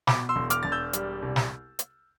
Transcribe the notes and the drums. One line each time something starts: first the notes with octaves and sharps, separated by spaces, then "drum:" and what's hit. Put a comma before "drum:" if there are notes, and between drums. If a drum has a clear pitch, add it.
B2 B5 D6, drum: snare
C6 E6
E1
D6 F6, drum: hi-hat
E1 A6
E6 G6
G3, drum: hi-hat
C2
drum: snare
drum: hi-hat